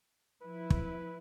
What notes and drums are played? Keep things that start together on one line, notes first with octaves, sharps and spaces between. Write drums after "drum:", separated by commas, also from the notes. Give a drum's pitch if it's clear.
F3 E4 B4
drum: kick